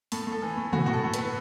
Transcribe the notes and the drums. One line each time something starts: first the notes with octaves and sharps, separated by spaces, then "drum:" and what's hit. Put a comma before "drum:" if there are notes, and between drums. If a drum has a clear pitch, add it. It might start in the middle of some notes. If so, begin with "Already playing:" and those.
A2 A4, drum: open hi-hat
A2
A4
E3
A2
A2 F#4, drum: tom
A2 F#4
A4
A2
B4, drum: hi-hat
A2